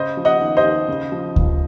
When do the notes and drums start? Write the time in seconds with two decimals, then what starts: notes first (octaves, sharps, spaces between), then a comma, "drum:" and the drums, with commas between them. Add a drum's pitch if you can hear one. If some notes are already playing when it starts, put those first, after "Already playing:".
Already playing: C#3 C5 D#5
0.17 F3
0.25 D#5 F#5
0.41 D#2
0.57 C5 D#5
0.64 D#2
0.88 C#3
1.12 F3
1.36 C#2, drum: kick D2